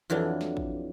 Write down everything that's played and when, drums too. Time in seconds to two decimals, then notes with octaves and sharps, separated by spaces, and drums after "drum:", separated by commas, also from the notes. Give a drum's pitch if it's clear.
0.10 F2 E3 F#3 D4
0.41 drum: snare
0.57 drum: kick